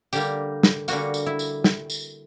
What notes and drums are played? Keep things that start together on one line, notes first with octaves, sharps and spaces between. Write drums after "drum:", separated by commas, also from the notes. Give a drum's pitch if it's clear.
D3 G3 A#3 G4, drum: tambourine
drum: snare
D3 G3 A#3 F#4, drum: tambourine
drum: tambourine
E4
drum: tambourine
drum: snare
drum: tambourine